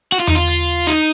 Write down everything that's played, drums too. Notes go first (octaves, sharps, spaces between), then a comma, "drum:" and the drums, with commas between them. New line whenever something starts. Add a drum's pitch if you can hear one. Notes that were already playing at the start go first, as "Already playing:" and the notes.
F#4
F4
D#4, drum: tom E2
F4
drum: hi-hat
D#4